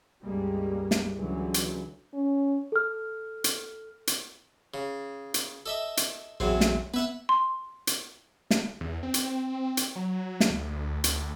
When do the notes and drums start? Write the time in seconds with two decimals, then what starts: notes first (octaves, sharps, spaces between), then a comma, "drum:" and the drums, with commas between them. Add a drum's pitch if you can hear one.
0.24 C#2 G2 G3 G#3 A#3
0.91 drum: snare
1.18 C#2 D3 E3 F#3
1.54 drum: hi-hat
2.14 C#4
2.72 A4 F6
3.44 drum: hi-hat
4.07 drum: hi-hat
4.74 C#3
5.34 drum: hi-hat
5.66 A4 D#5 E5
5.97 drum: hi-hat
6.40 A#1 E2 F#3 C4
6.61 drum: snare
6.94 B3 B4 E5 F#5
7.29 C6
7.87 drum: hi-hat
8.51 drum: snare
8.81 E2
9.03 C4
9.14 drum: hi-hat
9.77 drum: hi-hat
9.96 F#3
10.40 drum: snare
10.50 D2
11.04 D2, drum: hi-hat